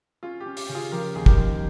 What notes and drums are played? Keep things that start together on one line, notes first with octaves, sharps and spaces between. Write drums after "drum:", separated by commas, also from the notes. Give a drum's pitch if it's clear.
C#4 F4
G4
C#4
G4, drum: open hi-hat
C#3
F4 G#4
F3 G4 A#4
D#2 G#4
G4 A#4, drum: kick
F3